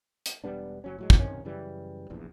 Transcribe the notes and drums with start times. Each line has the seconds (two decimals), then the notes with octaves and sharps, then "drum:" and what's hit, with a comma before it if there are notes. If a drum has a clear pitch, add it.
0.26 drum: hi-hat
0.44 E1 G3 B3 D4
0.84 F#1 F#3 C#4
0.98 A2 F#3 G#3
1.10 drum: kick
1.19 B1 C3 D#3 C#4
1.45 F#2 C#3 E3 G3
2.10 F1 A#1 E2